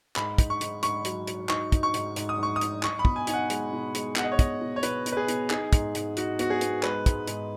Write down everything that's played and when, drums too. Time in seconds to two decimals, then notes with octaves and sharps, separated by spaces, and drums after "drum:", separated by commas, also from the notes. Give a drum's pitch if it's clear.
0.16 G#2 B5, drum: clap
0.38 D#4, drum: kick, hi-hat
0.50 C#6
0.61 G#2, drum: hi-hat
0.83 G#2 C#6, drum: hi-hat
1.05 F#3, drum: hi-hat
1.27 F#3, drum: hi-hat
1.49 D#4 C#6, drum: clap
1.72 D#4, drum: kick, hi-hat
1.83 C#6
1.94 G#2, drum: hi-hat
2.16 G#2, drum: hi-hat
2.29 D#6
2.38 G#2 C#6
2.56 D#6
2.61 D#4, drum: hi-hat
2.83 D#4 C#6, drum: clap
2.99 B5
3.05 B2, drum: kick
3.16 G#5
3.27 D#4 G#5, drum: hi-hat
3.33 F#5
3.50 G#3, drum: hi-hat
3.73 B2
3.95 G#3, drum: hi-hat
4.16 B2 F#5, drum: clap
4.24 D#5
4.32 C#5
4.39 B2 D#5, drum: kick, hi-hat
4.61 B2
4.76 C#5
4.83 B2 B4, drum: hi-hat
5.06 B2, drum: hi-hat
5.12 B4
5.17 G#4
5.28 B2, drum: hi-hat
5.50 D#4 G#4, drum: clap
5.73 G#2, drum: kick, hi-hat
5.95 G#2, drum: hi-hat
6.17 D#4 F#4, drum: hi-hat
6.39 B3 F#4, drum: hi-hat
6.50 G#4
6.61 B3, drum: hi-hat
6.83 G#3 B4, drum: clap
7.06 G#2, drum: kick, hi-hat
7.27 G#2, drum: hi-hat